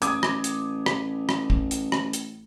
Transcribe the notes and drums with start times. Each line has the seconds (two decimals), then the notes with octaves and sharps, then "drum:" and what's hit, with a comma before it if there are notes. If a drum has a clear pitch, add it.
0.02 A1 D6 D#6 G#6, drum: hi-hat
0.23 drum: rim click
0.44 drum: hi-hat
0.86 drum: rim click
1.29 drum: rim click
1.50 drum: kick
1.71 drum: hi-hat
1.92 drum: rim click
2.13 drum: hi-hat